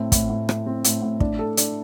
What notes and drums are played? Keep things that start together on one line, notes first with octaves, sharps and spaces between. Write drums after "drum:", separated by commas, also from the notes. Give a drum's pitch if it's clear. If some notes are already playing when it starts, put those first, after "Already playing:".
Already playing: A2 C4
A2, drum: kick, hi-hat
A2
A2, drum: rim click
C4
A2, drum: hi-hat
A2
D4, drum: kick
A4
D4, drum: hi-hat